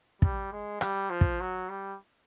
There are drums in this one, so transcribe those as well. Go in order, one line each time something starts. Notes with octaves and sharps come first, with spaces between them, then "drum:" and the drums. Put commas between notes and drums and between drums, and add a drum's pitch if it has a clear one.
G3, drum: kick
G#3
G3, drum: rim click
F3
drum: kick
F#3
G3